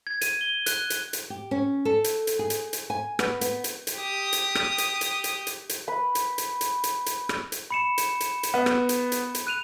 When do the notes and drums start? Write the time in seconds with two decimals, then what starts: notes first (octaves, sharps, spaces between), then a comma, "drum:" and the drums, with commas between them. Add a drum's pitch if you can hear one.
0.07 G#6
0.21 D#7, drum: hi-hat
0.41 G7
0.66 F#6, drum: hi-hat
0.90 drum: hi-hat
1.13 drum: hi-hat
1.30 G4
1.51 C#4
1.85 A4
2.04 drum: hi-hat
2.27 drum: hi-hat
2.39 G#4
2.50 drum: hi-hat
2.73 drum: hi-hat
2.90 G#5
3.19 B3, drum: rim click
3.41 B3, drum: hi-hat
3.64 drum: hi-hat
3.87 drum: hi-hat
3.96 G4 D#6
4.33 drum: hi-hat
4.55 drum: rim click
4.78 drum: hi-hat
5.01 drum: hi-hat
5.24 drum: hi-hat
5.47 drum: hi-hat
5.69 drum: hi-hat
5.88 B4 B5
6.15 drum: hi-hat
6.38 drum: hi-hat
6.61 drum: hi-hat
6.84 drum: hi-hat
7.06 drum: hi-hat
7.29 drum: rim click
7.52 drum: hi-hat
7.70 B5 C#7 E7
7.98 drum: hi-hat
8.20 drum: hi-hat
8.43 drum: hi-hat
8.54 B3
8.66 drum: rim click
8.89 drum: hi-hat
9.12 drum: hi-hat
9.35 drum: hi-hat
9.47 F#6 D#7 F7